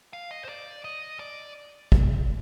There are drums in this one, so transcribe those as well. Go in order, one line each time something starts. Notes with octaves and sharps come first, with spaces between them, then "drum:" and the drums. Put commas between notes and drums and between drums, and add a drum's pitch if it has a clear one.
F5
D#5
C5
D5
D#5
D5
drum: kick